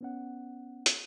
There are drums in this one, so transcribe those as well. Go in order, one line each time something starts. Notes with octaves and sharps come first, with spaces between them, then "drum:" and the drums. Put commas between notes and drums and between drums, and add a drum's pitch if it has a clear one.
B3 C#4 F#5
drum: hi-hat